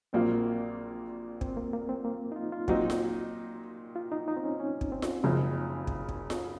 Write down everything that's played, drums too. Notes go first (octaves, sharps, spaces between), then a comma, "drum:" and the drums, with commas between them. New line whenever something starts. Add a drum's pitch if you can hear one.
A#1 A#2 F#3 A#3 C4 F4
C4, drum: kick
A#3
A#3
C4
A#3
D#4
F4
F4
A#2 F#3 C4 D#4 F#4, drum: kick
drum: snare F4
F4
D#4
D#4
C4
C#4
C#4
drum: kick
C4
drum: snare F4
F#1 F#2 C#3 F3
drum: kick
drum: kick
drum: snare F4